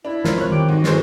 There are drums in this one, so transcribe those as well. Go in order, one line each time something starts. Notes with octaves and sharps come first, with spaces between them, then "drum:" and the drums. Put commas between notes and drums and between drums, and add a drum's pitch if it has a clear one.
D4 E4
F3 G#3 F4 A#4, drum: snare
G3 C4 C#5 F#6
D#3 G3 C4 G5 D6
F2 G#2 F#4
G2 E3 F#3 G#3 A3 C5, drum: snare